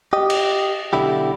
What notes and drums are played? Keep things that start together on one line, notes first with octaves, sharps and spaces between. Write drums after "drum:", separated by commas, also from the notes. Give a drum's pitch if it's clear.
G4 D#5
drum: cymbal
B1 D3 E4 G4